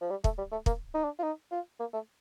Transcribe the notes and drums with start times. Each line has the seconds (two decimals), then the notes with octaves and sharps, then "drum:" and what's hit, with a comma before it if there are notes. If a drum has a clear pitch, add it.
0.01 F3
0.10 G3
0.24 A3, drum: kick
0.38 G3
0.52 A3
0.66 A#3, drum: kick
0.94 D#4
1.04 D4
1.19 F4
1.23 D#4
1.51 F4
1.80 A#3
1.93 A3